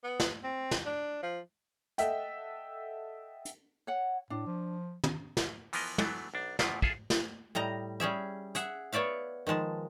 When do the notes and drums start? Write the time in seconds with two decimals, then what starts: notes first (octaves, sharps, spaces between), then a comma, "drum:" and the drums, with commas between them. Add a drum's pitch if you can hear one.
0.04 B3
0.20 drum: snare
0.44 C4
0.71 drum: snare
0.86 D4
1.23 F3
1.98 A4 D#5 E5 F#5 G5, drum: hi-hat
3.45 drum: hi-hat
3.87 C#5 F#5
4.30 A2 D4
4.46 F3
5.04 drum: tom
5.37 drum: snare
5.73 E3 F3 B3 A#4 D#5, drum: open hi-hat
5.98 E3 F#3 A3 B3 D4, drum: tom
6.34 B1 D4
6.59 E2 C#3 E3 F3 E4 F4, drum: snare
6.82 F4 G#4 A4 E5, drum: kick
7.10 drum: snare
7.55 A2 G3 D#5 A#5
8.00 G3 C#4 G#4 E5
8.55 G#4 E5 F#5, drum: hi-hat
8.92 B3 C#5 D5 E5 F5
9.47 D#3 F3 G#3 A5